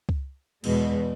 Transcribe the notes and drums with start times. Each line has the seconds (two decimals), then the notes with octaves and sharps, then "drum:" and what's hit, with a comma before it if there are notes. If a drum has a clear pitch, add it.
0.09 drum: kick C#2
0.64 E2 B2 G#3, drum: cymbal